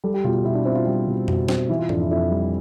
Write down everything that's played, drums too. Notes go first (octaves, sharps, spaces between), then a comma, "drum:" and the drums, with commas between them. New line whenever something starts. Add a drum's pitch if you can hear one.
G3 A4
G4
B2 F4
F4
B2 E4
D4
C4 E4
F4
G3 G4
B2
B2, drum: tom F2
C4, drum: snare
E3 E4
F4
F2 D4, drum: tom G#2
E4
F2 E4
G3